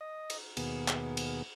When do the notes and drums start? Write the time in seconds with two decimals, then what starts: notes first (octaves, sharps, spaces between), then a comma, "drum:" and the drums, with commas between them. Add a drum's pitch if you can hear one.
0.01 D#5
0.30 drum: cymbal
0.57 D#2 B2 B3 G#4, drum: cymbal
0.88 drum: clap
1.17 drum: cymbal